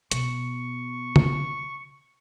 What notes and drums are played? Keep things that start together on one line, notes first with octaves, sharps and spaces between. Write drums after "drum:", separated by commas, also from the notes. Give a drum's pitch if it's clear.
B2 C#6, drum: hi-hat
drum: tom C#3